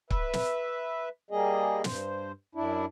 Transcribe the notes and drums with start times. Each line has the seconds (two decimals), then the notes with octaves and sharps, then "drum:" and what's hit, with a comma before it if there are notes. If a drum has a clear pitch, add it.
0.10 B4 E5, drum: kick C#1
0.33 drum: snare
1.31 G3 A#3 G#4 D#5
1.84 G2 C5, drum: snare
2.55 F#2 D4 E4